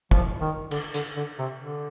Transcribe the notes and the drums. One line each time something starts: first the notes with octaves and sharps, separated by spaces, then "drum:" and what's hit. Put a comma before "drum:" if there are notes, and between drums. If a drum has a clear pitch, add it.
F3, drum: kick
D#3
D3, drum: cymbal
D3, drum: hi-hat
D3
C3
D3